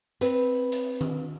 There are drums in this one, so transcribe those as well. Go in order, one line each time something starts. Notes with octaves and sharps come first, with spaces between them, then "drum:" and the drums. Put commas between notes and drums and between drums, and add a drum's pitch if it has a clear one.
C4 B4, drum: hi-hat
drum: hi-hat
drum: tom D#3